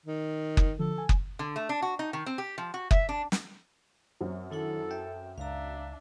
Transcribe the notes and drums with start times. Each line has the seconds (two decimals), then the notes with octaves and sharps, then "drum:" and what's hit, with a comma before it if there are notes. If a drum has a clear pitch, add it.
0.06 D#3
0.57 drum: kick F#1
0.79 D3 F3 A4
0.98 G#5
1.09 drum: kick F#1
1.39 D3
1.56 A3
1.69 D4
1.82 F#4
1.99 D#4
2.13 D#3
2.26 C4
2.38 G4
2.58 F3
2.74 F#4
2.91 E5, drum: kick F#1
3.09 D4
3.32 drum: snare
4.21 F#2 F#3 C4
4.52 D#3 D4 E4 A4 F#5
4.91 E5 G5
5.38 C#2 D4 E5 F5 A#5